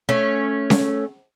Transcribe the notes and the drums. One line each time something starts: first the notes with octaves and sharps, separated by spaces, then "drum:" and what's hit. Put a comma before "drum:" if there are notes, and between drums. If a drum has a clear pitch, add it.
A3 C#4
drum: snare C#4